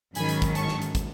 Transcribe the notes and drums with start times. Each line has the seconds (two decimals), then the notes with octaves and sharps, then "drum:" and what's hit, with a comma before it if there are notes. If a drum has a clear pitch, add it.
0.15 G#2 D#3 F#3 C#4 G#5 B5, drum: hi-hat
0.29 drum: hi-hat
0.42 drum: kick, hi-hat
0.55 A5 C#6, drum: hi-hat
0.68 drum: snare
0.82 drum: hi-hat
0.95 drum: kick, hi-hat